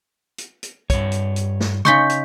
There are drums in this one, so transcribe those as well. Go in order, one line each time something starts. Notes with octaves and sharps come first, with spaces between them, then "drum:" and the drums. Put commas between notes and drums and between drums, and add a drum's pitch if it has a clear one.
drum: hi-hat
drum: hi-hat
G2 C#5, drum: kick, hi-hat
drum: hi-hat
drum: hi-hat
drum: snare
C#3 D#4 C6 C#6 G6 B6, drum: tom C#3
drum: hi-hat